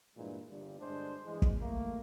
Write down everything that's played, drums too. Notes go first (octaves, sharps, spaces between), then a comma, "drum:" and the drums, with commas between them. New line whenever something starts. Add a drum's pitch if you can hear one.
G2 A#2 E3 G#3
G1 G2
G2 D3 G#3 D4 C5
E3 G#3
drum: kick
A3 A#3